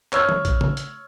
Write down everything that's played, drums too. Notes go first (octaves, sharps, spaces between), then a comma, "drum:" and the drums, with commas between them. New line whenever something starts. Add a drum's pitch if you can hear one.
C#5 E6 F6 G#6, drum: clap
drum: tom
drum: kick A#1, hi-hat
drum: tom
drum: hi-hat